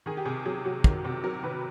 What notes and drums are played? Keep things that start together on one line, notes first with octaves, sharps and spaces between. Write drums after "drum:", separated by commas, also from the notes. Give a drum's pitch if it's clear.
D#3 G#4
G4
C3 G#4
F#3 G#4
F#3 F#4
D#3, drum: kick
C3 F#4
F#3 A#4
D#3 B4